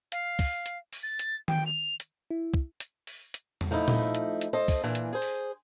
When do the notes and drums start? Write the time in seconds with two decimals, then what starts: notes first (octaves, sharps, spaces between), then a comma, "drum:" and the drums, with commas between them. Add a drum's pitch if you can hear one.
0.12 F5, drum: hi-hat
0.39 drum: kick, open hi-hat
0.66 drum: hi-hat
0.93 drum: open hi-hat
1.03 A6
1.19 drum: hi-hat
1.48 G5, drum: tom D#3
1.66 F7
2.00 drum: hi-hat
2.31 E4
2.54 drum: kick
2.80 drum: hi-hat
3.07 drum: open hi-hat
3.34 drum: hi-hat
3.61 drum: tom E2
3.71 F3 A3 D#4 E4
3.88 drum: tom A#2
4.15 drum: hi-hat
4.41 drum: hi-hat
4.53 A4 C5 D#5
4.68 drum: kick, open hi-hat
4.84 A#2 E3 D4
4.95 drum: hi-hat
5.13 G#4 C5
5.22 drum: open hi-hat